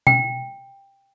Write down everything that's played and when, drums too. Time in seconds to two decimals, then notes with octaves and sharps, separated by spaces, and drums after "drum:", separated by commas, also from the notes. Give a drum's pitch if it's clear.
0.07 G5, drum: tom B2